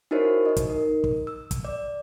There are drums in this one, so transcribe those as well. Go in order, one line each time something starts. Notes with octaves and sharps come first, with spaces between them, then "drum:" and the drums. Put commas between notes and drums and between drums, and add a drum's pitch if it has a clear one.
D#4 E4 F#4 A#4 C5 C#5
D#4 D#5
drum: kick, hi-hat
A#4
drum: kick
E6
drum: kick, hi-hat
D5